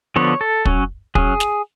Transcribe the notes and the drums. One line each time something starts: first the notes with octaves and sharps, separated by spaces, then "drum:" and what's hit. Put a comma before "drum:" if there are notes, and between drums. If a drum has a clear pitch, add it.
D3 F3 B3 D4 C#5
A4
F#3 C#4, drum: kick
F#3 C#4 G#4, drum: kick
drum: snare